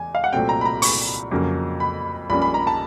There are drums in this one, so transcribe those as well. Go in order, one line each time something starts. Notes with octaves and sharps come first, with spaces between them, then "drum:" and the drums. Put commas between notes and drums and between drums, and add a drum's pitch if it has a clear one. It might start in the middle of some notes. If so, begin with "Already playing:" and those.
Already playing: E2 G#5
F5
F#5
C2 A#2 F#3 A3 C4 G5
A#5
B5
A#5
C#6, drum: open hi-hat
F2 C#3 F#3 A#3 C#4
B5
A#1 A#2 G3 A#3 C#4 B5
B5
A#5
A5